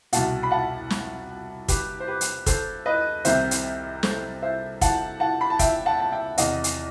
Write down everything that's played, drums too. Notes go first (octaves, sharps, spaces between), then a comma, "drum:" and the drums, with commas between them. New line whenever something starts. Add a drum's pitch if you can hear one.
C2 B2 F#5 A5, drum: hi-hat
B5
F#5 A5
drum: snare
G4 B4, drum: kick, hi-hat
C5
G4 B4
drum: hi-hat
A4 C5, drum: kick, hi-hat
B4 D#5
C2 C3 D#3 C5 E5, drum: hi-hat
drum: hi-hat
A4 C5, drum: snare
C5 E5
F#5 A5, drum: kick, hi-hat
F#5 A5
B5
A5
E5 G5, drum: kick, hi-hat
F#5 A5
A5
E5 G5
E2 C3 D#3 D#5 F#5, drum: hi-hat
drum: hi-hat